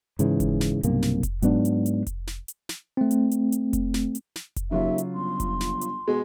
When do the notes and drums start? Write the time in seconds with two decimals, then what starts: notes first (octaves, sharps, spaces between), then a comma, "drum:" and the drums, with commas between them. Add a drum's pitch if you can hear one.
0.19 G#2 C#3 E3, drum: hi-hat
0.40 drum: kick F1, hi-hat
0.61 drum: snare
0.83 B1 G2 C3 A#3, drum: hi-hat
1.02 drum: snare
1.23 drum: kick F1, hi-hat
1.42 G#2 F#3 B3 D4, drum: hi-hat
1.65 drum: hi-hat
1.86 drum: hi-hat
2.07 drum: kick F1, hi-hat
2.27 drum: snare
2.48 drum: hi-hat
2.69 drum: snare
2.97 A3 C4
3.11 drum: hi-hat
3.31 drum: hi-hat
3.52 drum: hi-hat
3.73 drum: kick F1, hi-hat
3.94 drum: snare
4.15 drum: hi-hat
4.36 drum: snare
4.56 drum: kick F1, hi-hat
4.71 D#2 C#3 F#3 F4 E5
4.98 drum: hi-hat
5.15 G1 C6
5.40 drum: kick F1, hi-hat
5.61 drum: snare
5.81 drum: hi-hat
6.08 B2 G#3